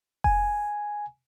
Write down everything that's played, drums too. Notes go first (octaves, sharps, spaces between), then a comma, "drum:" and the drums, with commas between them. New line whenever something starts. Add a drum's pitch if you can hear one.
G#5, drum: kick F1